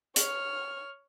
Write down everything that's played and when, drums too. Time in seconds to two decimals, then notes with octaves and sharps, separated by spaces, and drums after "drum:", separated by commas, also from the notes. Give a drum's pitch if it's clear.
0.16 C#5 F6, drum: hi-hat